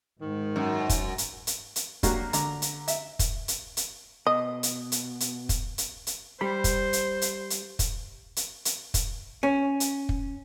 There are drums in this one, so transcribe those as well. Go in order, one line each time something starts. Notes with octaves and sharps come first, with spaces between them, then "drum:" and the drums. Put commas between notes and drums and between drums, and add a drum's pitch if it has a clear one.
G#2 D#3
F#2
drum: kick, hi-hat
drum: hi-hat
drum: hi-hat
drum: hi-hat
F#3 A#3 D4 F#4 G4, drum: kick, hi-hat
D3 A#5, drum: hi-hat
drum: hi-hat
E5, drum: hi-hat
drum: kick, hi-hat
drum: hi-hat
drum: hi-hat
B2 D#5
drum: hi-hat
drum: hi-hat
drum: hi-hat
drum: kick, hi-hat
drum: hi-hat
drum: hi-hat
G3 C5 B5
drum: kick, hi-hat
drum: hi-hat
drum: hi-hat
drum: hi-hat
drum: kick, hi-hat
drum: hi-hat
drum: hi-hat
drum: kick, hi-hat
C#4
drum: hi-hat
drum: kick